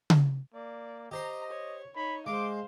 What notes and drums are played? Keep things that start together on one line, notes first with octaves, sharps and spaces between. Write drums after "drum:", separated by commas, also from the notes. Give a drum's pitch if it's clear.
drum: tom C#3
A#3 D5
G4 C5 D#5 A#5 C6
C#5
D#4 C#5 B5
G#3 C5 F5 D6